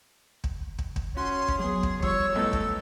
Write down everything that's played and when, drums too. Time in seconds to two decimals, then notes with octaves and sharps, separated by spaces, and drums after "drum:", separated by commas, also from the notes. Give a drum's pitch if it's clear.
0.44 drum: kick
0.79 drum: kick
0.96 drum: kick
1.17 C#4 F#4 C6
1.48 drum: kick
1.60 F#3 B3 G#4 C6
1.83 drum: kick
2.02 F3 G3 C#5 C6 C#6 E6, drum: kick
2.35 B1 A2 B3 A4
2.53 drum: kick